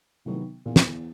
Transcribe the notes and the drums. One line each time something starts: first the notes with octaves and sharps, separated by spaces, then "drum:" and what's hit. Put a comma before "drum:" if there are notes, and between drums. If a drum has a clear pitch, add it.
A2 C3 D#3 F#3 B3
E2 A#2
drum: snare